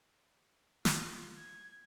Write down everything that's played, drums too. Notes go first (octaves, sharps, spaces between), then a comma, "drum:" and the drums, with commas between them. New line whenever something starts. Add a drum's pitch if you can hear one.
F4, drum: snare
G#6